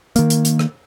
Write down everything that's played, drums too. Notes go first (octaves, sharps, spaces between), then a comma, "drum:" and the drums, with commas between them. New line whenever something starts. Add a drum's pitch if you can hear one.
D#3 A#3, drum: hi-hat
drum: hi-hat
drum: hi-hat
drum: rim click